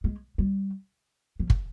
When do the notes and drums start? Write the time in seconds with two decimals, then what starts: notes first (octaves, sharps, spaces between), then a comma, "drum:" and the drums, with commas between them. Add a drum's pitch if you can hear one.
0.04 G#3
0.38 G3
1.39 F3
1.50 drum: kick